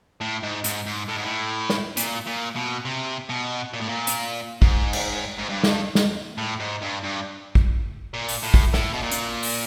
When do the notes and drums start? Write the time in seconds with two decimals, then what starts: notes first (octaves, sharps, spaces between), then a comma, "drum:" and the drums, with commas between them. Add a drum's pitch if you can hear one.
0.21 A2
0.43 G#2
0.64 G#2, drum: hi-hat
0.86 G#2
1.08 A2
1.17 G#2
1.23 A2
1.70 drum: snare
1.97 A#2, drum: hi-hat
2.27 A#2
2.56 B2
2.85 C3
3.30 B2
3.74 A#2
3.81 A2
3.89 A#2
4.07 drum: hi-hat
4.62 G#2, drum: kick A1
4.93 drum: cymbal
5.39 G#2
5.50 G2
5.64 drum: snare
5.95 drum: snare
6.38 A2
6.60 G#2
6.82 G2
7.04 G2
7.55 drum: kick A1
8.14 A#2
8.28 drum: open hi-hat
8.43 A2
8.54 drum: kick A1
8.74 A2, drum: snare
8.93 B2
9.02 A#2
9.12 drum: hi-hat
9.43 drum: open hi-hat